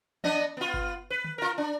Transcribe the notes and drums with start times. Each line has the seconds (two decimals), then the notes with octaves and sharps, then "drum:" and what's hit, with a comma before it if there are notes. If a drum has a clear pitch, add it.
0.24 B3 D4 D#5, drum: tom E3
0.57 B3 F4
0.74 drum: kick G1
1.10 B4
1.24 drum: tom D3
1.38 F4 A#4
1.58 D4